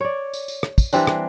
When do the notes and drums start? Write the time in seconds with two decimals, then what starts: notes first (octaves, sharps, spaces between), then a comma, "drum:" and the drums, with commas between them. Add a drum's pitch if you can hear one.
0.01 C#5 D5
0.33 drum: tambourine
0.48 drum: tambourine
0.63 drum: rim click
0.78 drum: kick, tambourine
0.93 E3 G3 C4 D4, drum: tambourine
1.07 drum: rim click